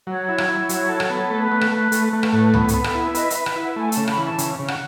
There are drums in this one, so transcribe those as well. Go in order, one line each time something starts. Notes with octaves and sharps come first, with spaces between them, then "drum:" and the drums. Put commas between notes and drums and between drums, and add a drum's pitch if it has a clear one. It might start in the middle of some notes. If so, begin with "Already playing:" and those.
F#3 C#5
E4
drum: rim click
E4
F#3, drum: hi-hat
A4
drum: rim click
B3
A3 B4
A3
drum: rim click
A3
A3, drum: hi-hat
A3
drum: rim click
A2
B3 A4, drum: tom C#2
A4, drum: hi-hat
B3
A4, drum: rim click
E4 A4
B4 D#5, drum: hi-hat
E5, drum: hi-hat
B4
E5, drum: rim click
E4
F#5
A3 G#5
A5, drum: hi-hat
C#3
B5, drum: rim click
E3 A5
C#3, drum: hi-hat
C#3
F#5, drum: rim click